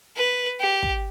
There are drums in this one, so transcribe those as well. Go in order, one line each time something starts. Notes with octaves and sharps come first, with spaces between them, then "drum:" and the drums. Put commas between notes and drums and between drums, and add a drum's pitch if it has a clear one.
B4
G4
drum: kick